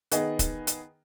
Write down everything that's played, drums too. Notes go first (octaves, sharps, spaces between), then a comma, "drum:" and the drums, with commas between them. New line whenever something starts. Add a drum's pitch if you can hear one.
D#3 B3 G#4 D#5, drum: hi-hat
drum: kick, hi-hat
drum: hi-hat